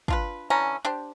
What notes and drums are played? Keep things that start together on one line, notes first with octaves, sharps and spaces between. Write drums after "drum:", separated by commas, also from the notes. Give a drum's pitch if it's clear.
D4 F4 B4, drum: kick
D3 E3 C#4 A#5
D4 G4 C5